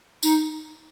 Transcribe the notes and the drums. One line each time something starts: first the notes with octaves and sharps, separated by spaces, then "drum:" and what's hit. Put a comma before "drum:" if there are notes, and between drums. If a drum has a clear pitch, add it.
D#4, drum: tambourine